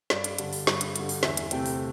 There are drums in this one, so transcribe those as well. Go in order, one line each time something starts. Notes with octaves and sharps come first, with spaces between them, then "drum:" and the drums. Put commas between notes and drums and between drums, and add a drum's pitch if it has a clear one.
G2 D5, drum: snare
drum: hi-hat
D3 G3, drum: hi-hat
drum: open hi-hat
G2, drum: snare
drum: hi-hat
D3 G3, drum: hi-hat
drum: open hi-hat
E2 E5, drum: snare
drum: hi-hat
C3 A3 C4 G5, drum: hi-hat
drum: open hi-hat